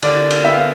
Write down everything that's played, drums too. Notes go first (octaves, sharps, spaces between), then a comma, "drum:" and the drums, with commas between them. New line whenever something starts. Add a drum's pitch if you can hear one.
D3 D5, drum: cymbal
drum: cymbal
B3 E5
F5